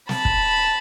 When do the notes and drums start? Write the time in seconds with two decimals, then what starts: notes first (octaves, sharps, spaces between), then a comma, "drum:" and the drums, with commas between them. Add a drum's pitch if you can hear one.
0.09 A5 B5, drum: snare
0.25 drum: kick